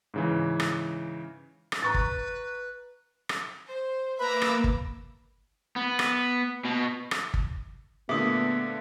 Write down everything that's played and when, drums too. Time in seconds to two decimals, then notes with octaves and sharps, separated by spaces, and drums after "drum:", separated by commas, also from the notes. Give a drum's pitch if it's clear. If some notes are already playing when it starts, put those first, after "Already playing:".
0.14 G#2 C#3 E3
0.60 drum: rim click
1.72 drum: rim click
1.82 B4 A#5 C#6 A6
1.94 drum: kick G1
3.29 drum: rim click
3.67 C5
4.19 A#3 B4 E5 A#5 B5 D6 E6
4.42 drum: rim click
4.64 drum: kick G1
5.76 B3
5.99 drum: rim click
6.65 B2
7.11 drum: rim click
7.34 drum: kick G1
8.09 A#2 D3 A3 B3 G#4 E5 D#6